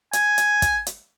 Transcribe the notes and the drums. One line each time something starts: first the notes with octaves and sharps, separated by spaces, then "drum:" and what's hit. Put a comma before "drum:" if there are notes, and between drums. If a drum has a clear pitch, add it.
G#5, drum: hi-hat
drum: hi-hat
drum: kick, hi-hat
drum: hi-hat